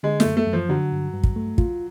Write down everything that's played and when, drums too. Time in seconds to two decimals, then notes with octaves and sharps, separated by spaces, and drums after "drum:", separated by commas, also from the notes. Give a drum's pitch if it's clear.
0.03 D3 G#3
0.20 A3, drum: snare
0.25 F#2
0.37 A3
0.47 F#2
0.53 F3
0.69 D3 F#3
0.92 G2
1.14 G2
1.23 drum: kick
1.36 A3
1.58 F4, drum: kick